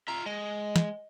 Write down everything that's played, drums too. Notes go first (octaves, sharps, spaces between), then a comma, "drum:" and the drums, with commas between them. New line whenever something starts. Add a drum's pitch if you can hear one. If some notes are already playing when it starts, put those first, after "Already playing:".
F4 E5 A#5
G#3 D#5
drum: snare